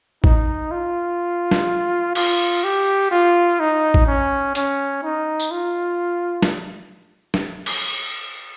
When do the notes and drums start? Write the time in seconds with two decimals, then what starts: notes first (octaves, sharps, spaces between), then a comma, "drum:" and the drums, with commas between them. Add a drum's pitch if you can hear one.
0.24 D#4, drum: kick A1
0.71 F4
1.51 drum: snare
2.15 F4, drum: cymbal
2.64 G4
3.11 F4
3.60 D#4
3.94 drum: kick A1
4.07 C#4
4.55 C#4, drum: hi-hat
5.03 D#4
5.40 drum: tambourine
5.51 F4
6.42 drum: snare
7.34 drum: snare
7.66 drum: cymbal